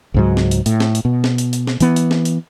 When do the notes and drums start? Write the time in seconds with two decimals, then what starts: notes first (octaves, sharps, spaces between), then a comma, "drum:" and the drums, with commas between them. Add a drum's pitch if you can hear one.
0.14 C#2 G#2 F#3
0.37 drum: snare
0.51 drum: hi-hat
0.66 A2, drum: hi-hat
0.80 drum: snare
0.95 drum: hi-hat
1.05 B2
1.24 drum: snare
1.38 drum: hi-hat
1.53 drum: hi-hat
1.67 drum: snare
1.80 E3 B3, drum: hi-hat
1.96 drum: hi-hat
2.11 drum: snare
2.25 drum: hi-hat